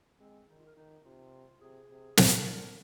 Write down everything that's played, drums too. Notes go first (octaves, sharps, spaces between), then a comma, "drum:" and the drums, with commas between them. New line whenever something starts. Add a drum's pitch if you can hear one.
G#3 C4
D#3 D#4
F4
A#4
D#3 D#4
C3 F4
C3 G#4
C3
D#3 A#4, drum: snare
A#2